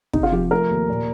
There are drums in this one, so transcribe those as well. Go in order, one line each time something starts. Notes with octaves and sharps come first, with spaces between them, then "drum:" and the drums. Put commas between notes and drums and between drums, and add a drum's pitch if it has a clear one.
C3 D#4, drum: kick
F4
F3 G4
A3 A#4
D#2
A#2